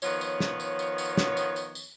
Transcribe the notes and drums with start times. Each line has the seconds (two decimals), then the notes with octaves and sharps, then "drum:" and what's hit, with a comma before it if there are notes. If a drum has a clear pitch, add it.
0.02 D#3 F3 B3 C#5, drum: tambourine
0.21 drum: tambourine
0.40 drum: snare
0.60 drum: tambourine
0.79 drum: tambourine
0.98 drum: tambourine
1.17 drum: snare
1.37 drum: tambourine
1.56 drum: tambourine
1.75 drum: tambourine